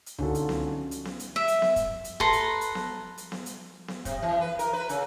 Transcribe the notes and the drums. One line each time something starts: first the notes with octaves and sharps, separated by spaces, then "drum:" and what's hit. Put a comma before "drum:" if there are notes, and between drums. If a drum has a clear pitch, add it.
drum: hi-hat
D3 C#4 D#4 F4 F#4 A4, drum: tom C#2
drum: hi-hat
drum: snare B3
drum: hi-hat
drum: snare B3
drum: hi-hat
E5
drum: hi-hat
drum: snare B3
drum: kick, hi-hat
drum: hi-hat
A4 B4 A#5 C6, drum: kick
drum: hi-hat
drum: hi-hat
drum: snare B3
drum: hi-hat
drum: snare B3
drum: hi-hat
drum: snare B3
C3, drum: kick, hi-hat
E3
B4
A#4, drum: hi-hat
B4
C#3, drum: hi-hat